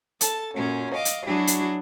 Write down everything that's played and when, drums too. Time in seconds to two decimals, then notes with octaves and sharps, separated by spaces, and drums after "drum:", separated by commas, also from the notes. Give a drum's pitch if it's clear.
0.21 A4 A5 A6, drum: hi-hat
0.55 F#2 A#2 C#4
0.93 D#5 F5 D6
1.05 drum: hi-hat
1.25 F#3 D4 E4 F#4 G#4
1.47 drum: hi-hat